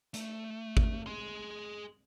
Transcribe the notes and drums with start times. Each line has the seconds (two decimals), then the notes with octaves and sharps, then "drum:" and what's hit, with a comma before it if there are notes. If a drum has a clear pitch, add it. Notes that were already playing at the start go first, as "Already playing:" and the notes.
0.14 A3, drum: hi-hat
0.77 drum: kick G#1
1.06 G#4 C6